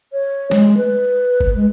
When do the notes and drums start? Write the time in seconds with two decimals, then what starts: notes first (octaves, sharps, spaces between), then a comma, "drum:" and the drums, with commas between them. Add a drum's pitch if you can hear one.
0.12 C#5
0.51 G#3, drum: snare
0.77 B4
1.41 drum: kick F#1
1.56 G#3